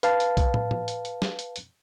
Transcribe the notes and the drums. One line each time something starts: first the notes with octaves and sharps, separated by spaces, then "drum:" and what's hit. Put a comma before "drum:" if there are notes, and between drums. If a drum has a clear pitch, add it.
B4 F5 A5, drum: hi-hat
drum: hi-hat
drum: kick B1, hi-hat
drum: tom
drum: tom A2
drum: hi-hat
drum: hi-hat
drum: snare
drum: hi-hat
drum: hi-hat